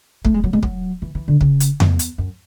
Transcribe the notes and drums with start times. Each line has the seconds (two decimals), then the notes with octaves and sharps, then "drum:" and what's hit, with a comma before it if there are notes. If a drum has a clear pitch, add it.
0.25 A3, drum: kick
0.34 G#3
0.44 F#3
0.53 G#3
0.63 F#3, drum: kick
1.02 E3
1.15 E3
1.28 D3
1.41 C#3, drum: kick
1.60 drum: hi-hat
1.80 E2, drum: tom F2
1.99 drum: hi-hat
2.18 F#2